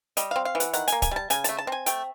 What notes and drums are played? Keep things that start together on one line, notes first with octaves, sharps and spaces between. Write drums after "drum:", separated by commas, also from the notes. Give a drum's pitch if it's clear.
G3 D#5, drum: hi-hat
C4 F5
F5
E3
F#5, drum: hi-hat
D#3 F#5, drum: hi-hat
A#3 G#5, drum: hi-hat
G#5, drum: kick, hi-hat
G3 A5
C#3 G#5, drum: hi-hat
A5, drum: hi-hat
A3
A5
C4 G#5
A3 G5, drum: hi-hat